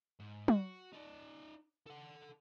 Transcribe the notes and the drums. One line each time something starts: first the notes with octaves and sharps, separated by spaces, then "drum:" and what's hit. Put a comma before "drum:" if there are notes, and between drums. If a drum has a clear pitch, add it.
G#2
F#4, drum: tom
D#4 D5
A4 F#5